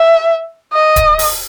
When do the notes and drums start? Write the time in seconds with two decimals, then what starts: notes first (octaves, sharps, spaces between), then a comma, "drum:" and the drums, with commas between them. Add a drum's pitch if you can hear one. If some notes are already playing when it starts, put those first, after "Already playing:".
Already playing: E5
0.73 D#5
0.96 drum: kick D1, hi-hat
1.19 drum: open hi-hat